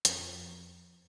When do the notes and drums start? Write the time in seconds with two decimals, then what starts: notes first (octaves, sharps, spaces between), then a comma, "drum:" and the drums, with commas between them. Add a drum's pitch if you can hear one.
0.05 F2, drum: hi-hat